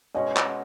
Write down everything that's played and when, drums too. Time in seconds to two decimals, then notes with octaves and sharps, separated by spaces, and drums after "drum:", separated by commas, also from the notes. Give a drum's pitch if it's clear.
0.15 B2 G#3 C#4 C#5 D#5
0.37 drum: clap